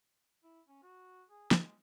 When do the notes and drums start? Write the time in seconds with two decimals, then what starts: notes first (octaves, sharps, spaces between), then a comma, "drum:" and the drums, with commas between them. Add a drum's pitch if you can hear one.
0.44 E4
0.68 C#4
0.83 F#4
1.30 G#4
1.51 G#3, drum: snare